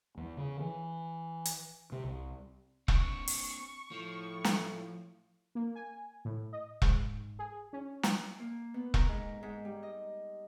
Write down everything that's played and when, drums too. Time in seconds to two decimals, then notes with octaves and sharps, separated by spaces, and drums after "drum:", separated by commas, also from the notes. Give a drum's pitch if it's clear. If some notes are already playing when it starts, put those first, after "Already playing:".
0.17 E2
0.37 C#3
0.61 E3
1.45 drum: hi-hat
1.92 C3
2.05 C2
2.88 C4 D4 C#6, drum: kick E1
3.28 drum: open hi-hat
3.91 A2 F3
4.44 drum: snare
5.55 A#3
5.76 G#5
6.25 A2
6.53 D#5
6.82 G#2, drum: kick E1
7.39 G#4
7.73 C#4
8.03 drum: snare
8.40 A#3
8.74 B3
8.94 A#4, drum: kick E1
9.09 G#2
9.43 G#2
9.65 G3
9.83 D#5